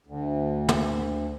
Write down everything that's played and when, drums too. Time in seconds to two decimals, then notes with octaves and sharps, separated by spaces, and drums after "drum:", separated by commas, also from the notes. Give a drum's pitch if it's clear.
0.07 D2
0.69 drum: tom